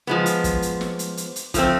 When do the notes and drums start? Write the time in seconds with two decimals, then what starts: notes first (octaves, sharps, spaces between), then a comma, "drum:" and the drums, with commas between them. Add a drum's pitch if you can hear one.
0.07 F3 G#3 B3
0.26 drum: hi-hat
0.44 drum: kick, hi-hat
0.62 drum: hi-hat
0.81 drum: snare
0.99 drum: hi-hat
1.17 drum: hi-hat
1.36 drum: hi-hat
1.54 F3 A3 C4, drum: kick, hi-hat